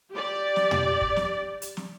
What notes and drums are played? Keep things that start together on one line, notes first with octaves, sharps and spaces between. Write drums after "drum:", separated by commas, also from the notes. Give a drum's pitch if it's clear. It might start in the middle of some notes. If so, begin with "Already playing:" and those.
G4 D5
drum: snare
drum: tom
drum: kick
drum: snare
drum: hi-hat
drum: snare